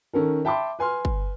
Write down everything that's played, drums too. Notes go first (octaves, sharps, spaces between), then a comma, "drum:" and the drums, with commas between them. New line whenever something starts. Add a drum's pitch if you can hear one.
D#3 C#4 A4 A#4
E5 G5 A5 B5 C6 D6
B4 G#5 C6 F6
drum: kick